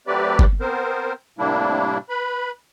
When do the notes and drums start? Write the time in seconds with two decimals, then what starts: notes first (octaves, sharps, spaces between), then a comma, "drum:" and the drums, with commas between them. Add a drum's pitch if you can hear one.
0.07 F#3 A3 C4 G4 B4 D5
0.39 drum: kick G1
0.61 B3 C4 A#4 C5
1.39 A2 C3 G3 A#3 D4 E4
2.09 B4 B5